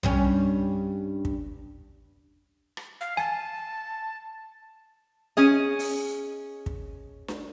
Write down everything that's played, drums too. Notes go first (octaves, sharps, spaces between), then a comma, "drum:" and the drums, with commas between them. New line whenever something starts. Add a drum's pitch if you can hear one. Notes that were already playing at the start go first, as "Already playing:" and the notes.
G2 G3 C#4, drum: tom B1
drum: kick
drum: rim click
F5
G#5 A5
C#4 G#4 D#5
drum: open hi-hat
drum: kick
drum: snare D4